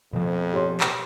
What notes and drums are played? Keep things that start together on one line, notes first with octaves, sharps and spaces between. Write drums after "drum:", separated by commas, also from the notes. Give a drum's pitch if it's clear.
F2 B2 F3
G4 C#5 C6
drum: clap